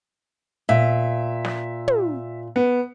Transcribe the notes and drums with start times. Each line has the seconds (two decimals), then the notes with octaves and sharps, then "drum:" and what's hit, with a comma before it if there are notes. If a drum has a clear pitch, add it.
0.69 A#2 E5
1.45 drum: snare
1.88 drum: tom
2.56 B3